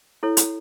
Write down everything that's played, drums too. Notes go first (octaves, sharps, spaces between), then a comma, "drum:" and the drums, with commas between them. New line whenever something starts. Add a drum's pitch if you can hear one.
E4 A4 C#5
drum: hi-hat